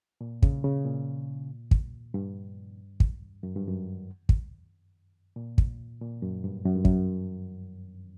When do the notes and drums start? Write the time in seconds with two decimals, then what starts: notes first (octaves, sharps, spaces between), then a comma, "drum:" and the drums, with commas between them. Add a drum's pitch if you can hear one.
0.21 A#2
0.42 C#3, drum: kick
0.64 C#3
0.85 A#2
1.71 drum: kick
2.14 G2
3.00 drum: kick
3.43 F#2
3.56 G2
3.68 F#2
4.29 drum: kick
5.36 A#2
5.58 drum: kick
6.01 A#2
6.22 F#2
6.44 G2
6.65 F#2
6.75 G2
6.85 F#2, drum: kick